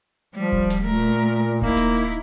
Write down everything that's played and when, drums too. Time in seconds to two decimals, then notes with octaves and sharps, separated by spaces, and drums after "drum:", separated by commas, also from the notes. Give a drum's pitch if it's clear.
0.34 F3 G3, drum: hi-hat
0.52 drum: kick D#1
0.70 drum: snare
0.82 A#2 A3 A#4
1.41 drum: hi-hat
1.62 A#3 D#4 E4, drum: kick D#1
1.77 drum: snare